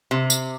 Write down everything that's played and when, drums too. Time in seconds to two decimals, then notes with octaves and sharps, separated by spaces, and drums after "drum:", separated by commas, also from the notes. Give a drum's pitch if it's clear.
0.11 C3
0.30 drum: tambourine